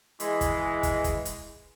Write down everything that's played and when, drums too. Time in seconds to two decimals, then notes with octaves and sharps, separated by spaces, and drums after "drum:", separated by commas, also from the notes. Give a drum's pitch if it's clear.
0.20 E3 G#3, drum: hi-hat
0.41 drum: kick, hi-hat
0.83 drum: kick, hi-hat
1.04 drum: kick, hi-hat
1.25 drum: hi-hat